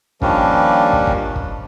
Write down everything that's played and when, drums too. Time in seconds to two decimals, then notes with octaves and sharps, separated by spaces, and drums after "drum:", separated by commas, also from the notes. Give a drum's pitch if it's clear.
0.22 D#3 F3 G3 A#3 C#4 D4, drum: kick
0.93 drum: kick
1.07 drum: kick
1.36 drum: kick